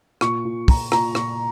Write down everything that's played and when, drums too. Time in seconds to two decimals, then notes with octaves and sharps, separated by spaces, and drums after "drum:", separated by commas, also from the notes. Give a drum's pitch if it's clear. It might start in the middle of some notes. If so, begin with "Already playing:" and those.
0.21 A#2 C#6, drum: rim click
0.45 A#2
0.68 A#2 A#5, drum: kick, open hi-hat
0.92 A#2 A#5, drum: rim click
1.15 A#2 C#6, drum: rim click